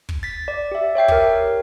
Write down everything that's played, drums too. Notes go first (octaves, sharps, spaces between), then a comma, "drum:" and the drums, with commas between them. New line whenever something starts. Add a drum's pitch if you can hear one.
drum: kick
A6 B6
D5
G4 E5
C#5 E5 G5 C7
G4 A#4, drum: kick
C#5